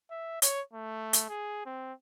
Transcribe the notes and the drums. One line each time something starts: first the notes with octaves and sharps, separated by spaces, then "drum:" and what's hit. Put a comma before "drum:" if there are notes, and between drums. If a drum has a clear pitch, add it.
E5
C#5, drum: hi-hat
A3
drum: hi-hat
G#4
C4